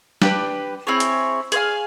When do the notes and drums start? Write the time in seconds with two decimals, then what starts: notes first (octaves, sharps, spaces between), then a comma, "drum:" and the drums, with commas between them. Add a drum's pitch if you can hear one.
0.22 D4 G4 B4, drum: snare
0.87 C4 E4 G#4 C#5
1.00 drum: hi-hat
1.52 G#4 C5 F5 G#5, drum: hi-hat